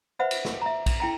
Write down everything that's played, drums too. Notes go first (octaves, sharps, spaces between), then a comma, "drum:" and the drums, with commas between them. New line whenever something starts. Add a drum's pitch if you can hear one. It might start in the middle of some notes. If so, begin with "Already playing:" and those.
B4 C5 E5 F#5 B5
drum: cymbal
drum: snare
E5 A#5
drum: kick, cymbal
E4 G5 A#5